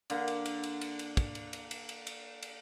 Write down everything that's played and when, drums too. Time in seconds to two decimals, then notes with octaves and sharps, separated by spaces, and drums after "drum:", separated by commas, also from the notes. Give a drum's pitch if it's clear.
0.10 D3 A#3, drum: cymbal
0.28 drum: cymbal
0.46 drum: cymbal
0.63 drum: cymbal
0.81 drum: cymbal
0.99 drum: cymbal
1.17 drum: kick, cymbal
1.35 drum: cymbal
1.53 drum: cymbal
1.71 drum: cymbal
1.89 drum: cymbal
2.07 drum: cymbal
2.43 drum: cymbal